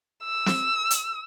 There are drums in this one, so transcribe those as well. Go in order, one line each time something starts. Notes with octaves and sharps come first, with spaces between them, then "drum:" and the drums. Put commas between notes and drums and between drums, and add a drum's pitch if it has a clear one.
E6
drum: snare
drum: hi-hat